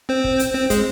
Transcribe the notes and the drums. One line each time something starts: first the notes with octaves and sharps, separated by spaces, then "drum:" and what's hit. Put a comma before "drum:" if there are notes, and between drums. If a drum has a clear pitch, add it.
C4 C5
drum: kick
drum: hi-hat
C4 C5
G#3 G#4, drum: kick, hi-hat